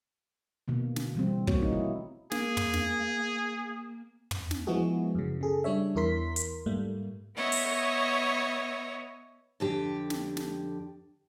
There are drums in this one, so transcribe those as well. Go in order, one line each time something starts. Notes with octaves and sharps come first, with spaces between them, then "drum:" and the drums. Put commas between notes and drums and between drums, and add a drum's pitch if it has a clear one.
B2 D#3 A#3
D3, drum: snare
E3 G3 C4
A3 A#3 C4 F#4 C#5, drum: kick
C4 D#4
E4
A#3 G#4, drum: snare
drum: tom
drum: snare
drum: tom
drum: snare
F3 G#3 B3 E4 F#4 G#4
F#2 C#3
C#3 G#4 A4
G3 D4 C#5 E5
E2 E4 A#4 C6 B6
drum: hi-hat
G#2 G3 A3 A#3
B3 C#5 D#5 E5
drum: open hi-hat
F2 D3 G4
drum: snare
drum: snare